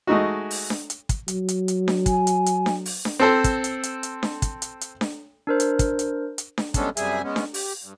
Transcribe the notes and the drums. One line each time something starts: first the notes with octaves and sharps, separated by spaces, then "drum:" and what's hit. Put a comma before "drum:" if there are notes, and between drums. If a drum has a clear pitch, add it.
G#3 A3 D#4 F#4
drum: open hi-hat
drum: snare D4
drum: hi-hat
drum: kick, hi-hat
F#3, drum: hi-hat
drum: hi-hat
drum: hi-hat
drum: snare D4
G#5, drum: kick, hi-hat
drum: hi-hat
drum: hi-hat
drum: snare D4
drum: open hi-hat
drum: snare D4
C4 A4 C5
drum: kick, hi-hat
drum: hi-hat
drum: hi-hat
drum: hi-hat
drum: snare D4
drum: kick, hi-hat
drum: hi-hat
drum: hi-hat
drum: snare D4
D4 A#4 C5
drum: hi-hat
drum: kick, hi-hat
drum: hi-hat
drum: hi-hat
drum: snare D4
G3 G#3 B3 C#4 D4 A4, drum: kick, hi-hat
F#2 C3 G3 G#4 E5 G#5, drum: hi-hat
G#3 B3 C#4
drum: snare D4
G4, drum: open hi-hat
G2